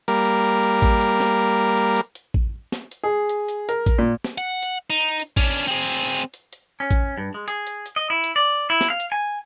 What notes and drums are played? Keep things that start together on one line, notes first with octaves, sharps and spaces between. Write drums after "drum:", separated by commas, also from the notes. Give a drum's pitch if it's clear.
G3 A#3 A#4, drum: hi-hat
drum: hi-hat
drum: hi-hat
drum: hi-hat
drum: kick A1, hi-hat
drum: hi-hat
drum: snare
drum: hi-hat
drum: hi-hat
drum: hi-hat
drum: hi-hat
drum: kick A1
drum: snare
drum: hi-hat
G#4
drum: hi-hat
drum: hi-hat
A#4, drum: hi-hat
drum: kick A1, hi-hat
A#2
drum: snare
F#5
drum: hi-hat
D#4
drum: hi-hat
drum: hi-hat
C#4 D4, drum: kick A1, hi-hat
drum: hi-hat
C4 G#4
drum: hi-hat
drum: hi-hat
drum: hi-hat
drum: hi-hat
C#4
drum: kick A1, hi-hat
G2
G#3
G#4, drum: hi-hat
drum: hi-hat
drum: hi-hat
D#5
E4
drum: hi-hat
D5
E4
drum: snare
F5
drum: hi-hat
G#5